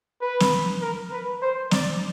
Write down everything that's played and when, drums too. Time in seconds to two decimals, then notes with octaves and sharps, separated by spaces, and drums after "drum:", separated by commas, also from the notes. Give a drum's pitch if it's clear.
0.22 B4
0.40 drum: snare
0.81 A#4
1.12 B4
1.42 C5
1.71 D5, drum: snare